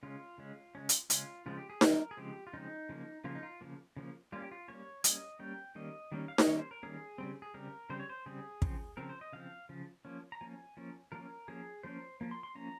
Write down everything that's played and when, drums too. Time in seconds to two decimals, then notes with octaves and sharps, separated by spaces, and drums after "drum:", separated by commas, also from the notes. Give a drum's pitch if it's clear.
0.03 C#3 G#3 C#4 F4
0.38 C#3 G#3 C#4
0.75 C#3 G#3 C#4
0.89 drum: hi-hat
1.10 C#3 G#3 C#4 F4, drum: hi-hat
1.46 C#3 F3 G#3 C4 F4
1.58 G4
1.70 G#4
1.81 C#3 F3 G#3 C4 A#4, drum: snare D#4
2.11 G#4
2.17 C#3 F3 G#3 C4 G4
2.47 F4
2.53 C#3 F3 G#3 C4 D#4
2.89 C#3 F3 A#3
3.24 C#3 F3 A#3 F4
3.35 D#4
3.43 F4
3.61 C#3 F3 A#3
3.96 C#3 F3 A#3
4.32 G3 A#3 C#4 F4
4.42 G4
4.51 F4
4.68 G3 A#3 C#4 C#5
5.04 G3 A#3 C#4 D#5, drum: hi-hat
5.39 G3 A#3 C#4 G5
5.75 D#3 G3 A#3 C#4 D#5
6.12 D#3 G3 A#3 C#4
6.28 F5
6.38 D#5, drum: snare D#4
6.47 D#3 G3 A#3 C#4 C#5
6.59 C5
6.71 A#4
6.83 D#3 G3 A#3 C#4 G#4
7.18 C#3 G3 C4
7.42 G#4
7.54 C#3 G3 C4 A#4
7.90 C#3 G3 C4 C5
8.00 C#5
8.09 C5
8.26 C#3 G3 C4 G#4
8.62 C#3 F3 C4, drum: kick
8.97 C#3 F3 C4 A#4
9.09 C5
9.21 D#5
9.33 C#3 F3 C4 F5
9.69 C#3 F3
10.05 F3 A#3 C#4
10.32 A#5
10.41 F3 A#3 C#4 G#5
10.77 F3 A#3 C#4
11.12 F3 A#3 C#4 A#4
11.48 F3 A#3 C#4 G#4
11.83 F3 A#3 C#4 C5
12.21 F3 A#3
12.31 C6
12.43 C6
12.55 F3 A#3 C#4 A#5